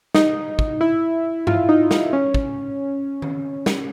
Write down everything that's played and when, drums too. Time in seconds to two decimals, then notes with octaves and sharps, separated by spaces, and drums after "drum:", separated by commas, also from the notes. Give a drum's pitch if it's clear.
0.15 D#4, drum: snare
0.59 drum: kick
0.81 E4
1.47 F4, drum: tom G2
1.69 D#4
1.91 D#4, drum: snare
2.13 C#4
2.34 drum: kick
3.22 drum: tom D#3
3.66 drum: snare